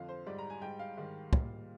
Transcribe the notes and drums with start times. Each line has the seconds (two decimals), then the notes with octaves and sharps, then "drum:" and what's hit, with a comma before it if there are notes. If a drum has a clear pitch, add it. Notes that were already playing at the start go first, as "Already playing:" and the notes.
Already playing: F2 D3 F3 F5
0.09 C5
0.26 G#2 G3 D5
0.38 A#5
0.50 G#5
0.62 G#2 G3 G5
0.79 F5
0.97 G#2 D#3 G3
1.33 A#2 G3, drum: kick